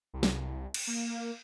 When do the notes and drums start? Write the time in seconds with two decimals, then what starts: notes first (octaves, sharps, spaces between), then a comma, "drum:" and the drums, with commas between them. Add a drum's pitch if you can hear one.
0.14 C2
0.23 drum: snare
0.74 drum: cymbal
0.87 A#3